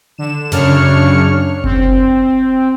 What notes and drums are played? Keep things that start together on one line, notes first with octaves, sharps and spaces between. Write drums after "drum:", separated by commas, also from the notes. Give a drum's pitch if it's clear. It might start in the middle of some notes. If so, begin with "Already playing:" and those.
D3 E7
F#2 C#3 D4 C#5 F6 C#7, drum: snare
C4, drum: kick F#1